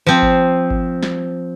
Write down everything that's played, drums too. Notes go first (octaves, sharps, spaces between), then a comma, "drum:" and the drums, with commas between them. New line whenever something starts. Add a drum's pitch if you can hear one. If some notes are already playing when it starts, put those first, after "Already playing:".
F3 C4
drum: kick G#1
drum: kick G#1
drum: snare